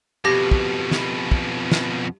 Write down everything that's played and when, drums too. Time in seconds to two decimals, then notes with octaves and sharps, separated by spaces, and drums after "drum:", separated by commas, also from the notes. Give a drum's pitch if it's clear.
0.25 F2 B2 G4 A#6
0.51 drum: kick
0.91 drum: snare
1.31 drum: kick
1.72 drum: snare